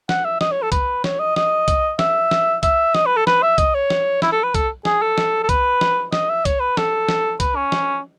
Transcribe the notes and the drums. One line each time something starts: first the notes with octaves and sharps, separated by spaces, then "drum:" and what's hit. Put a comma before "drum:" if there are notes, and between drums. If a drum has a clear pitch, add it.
F#5, drum: snare
E5
D#5, drum: snare
C#5
A4
B4, drum: kick C2, hi-hat
C#5, drum: snare
D#5
D#5, drum: snare
drum: kick C2, hi-hat
E5, drum: snare
drum: snare
E5, drum: kick C2, hi-hat
D#5, drum: snare
B4
A4
B4, drum: snare
E5
D#5, drum: kick C2, hi-hat
C#5
drum: snare
E4, drum: snare
A4
B4
A4, drum: kick C2, hi-hat
G#4, drum: snare
A4
drum: snare
A4
B4, drum: kick C2, hi-hat
drum: snare
D#5, drum: snare
E5
C#5, drum: kick C2, hi-hat
B4
A4, drum: snare
drum: snare
B4, drum: kick C2, hi-hat
C#4
drum: snare